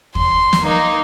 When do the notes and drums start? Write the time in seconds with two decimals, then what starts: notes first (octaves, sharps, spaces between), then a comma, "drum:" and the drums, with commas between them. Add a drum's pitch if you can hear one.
0.15 C6, drum: kick
0.53 drum: snare
0.63 A#3 D#4